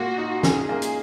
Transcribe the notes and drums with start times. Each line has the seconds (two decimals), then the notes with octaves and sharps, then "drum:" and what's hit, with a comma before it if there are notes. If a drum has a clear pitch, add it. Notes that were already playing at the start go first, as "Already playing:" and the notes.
Already playing: A#2 A#3 F#4
0.18 D#4
0.43 C#4 G#4, drum: snare
0.69 A#3
0.82 drum: hi-hat